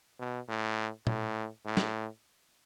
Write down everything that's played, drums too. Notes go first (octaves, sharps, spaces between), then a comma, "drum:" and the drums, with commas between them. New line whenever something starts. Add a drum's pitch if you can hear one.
B2
A2
A2, drum: tom A#2
A2
drum: snare